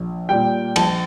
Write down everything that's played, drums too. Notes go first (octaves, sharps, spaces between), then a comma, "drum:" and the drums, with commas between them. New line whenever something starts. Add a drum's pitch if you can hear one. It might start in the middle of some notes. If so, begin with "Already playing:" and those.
Already playing: A#1
A#2 G3 G5
A#1 A5, drum: cymbal